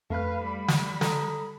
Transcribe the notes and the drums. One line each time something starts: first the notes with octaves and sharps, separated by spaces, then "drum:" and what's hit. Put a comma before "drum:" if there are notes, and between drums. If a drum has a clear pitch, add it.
F2 A3 B4 F5 F6
G3 B5
drum: snare
D3 A4 A#5 D#6, drum: snare